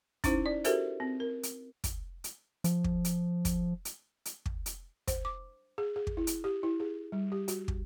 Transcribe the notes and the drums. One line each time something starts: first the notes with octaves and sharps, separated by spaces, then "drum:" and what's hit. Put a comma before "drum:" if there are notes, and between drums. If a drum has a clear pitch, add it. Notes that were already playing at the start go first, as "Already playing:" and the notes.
C#4 D#4 E4 C5, drum: kick, hi-hat
D5
F#4 G4 A4 A#4 C5 E5, drum: hi-hat
C4
A#4
drum: hi-hat
drum: kick, hi-hat
drum: hi-hat
F3, drum: hi-hat
drum: kick
drum: hi-hat
drum: kick, hi-hat
drum: hi-hat
drum: hi-hat
drum: kick
drum: hi-hat
C5, drum: kick, hi-hat
D6
G#4
G#4
drum: kick
E4
drum: hi-hat
G4
E4
G#4
G3
G4
F#4, drum: hi-hat
drum: kick